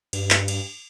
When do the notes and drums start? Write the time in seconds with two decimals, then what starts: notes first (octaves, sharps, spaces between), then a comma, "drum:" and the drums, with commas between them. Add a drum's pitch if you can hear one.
0.13 G2, drum: cymbal
0.31 drum: clap
0.48 drum: cymbal